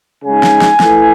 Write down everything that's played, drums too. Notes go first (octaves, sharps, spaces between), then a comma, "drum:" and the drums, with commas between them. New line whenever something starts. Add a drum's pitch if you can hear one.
C#3 G#3 D#4 G#5
drum: snare
drum: snare
E3 A3 E4, drum: snare